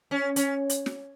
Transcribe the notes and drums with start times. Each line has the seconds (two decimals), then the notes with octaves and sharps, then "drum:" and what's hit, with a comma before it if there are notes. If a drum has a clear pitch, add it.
0.11 C#4
0.36 C#4, drum: hi-hat
0.70 drum: hi-hat
0.86 drum: snare